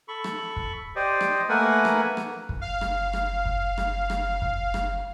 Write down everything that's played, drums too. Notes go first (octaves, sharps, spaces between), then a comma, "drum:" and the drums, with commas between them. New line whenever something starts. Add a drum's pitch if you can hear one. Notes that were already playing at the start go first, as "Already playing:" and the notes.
A4 B5 C#6
drum: rim click
drum: kick
G4 C5 D5 D#5
drum: rim click
A3 A#3 A#4 B4 F#5 G#5
drum: rim click
drum: rim click
drum: kick
F#1 F5
drum: rim click
drum: rim click
drum: kick
drum: rim click
drum: rim click
drum: kick
drum: rim click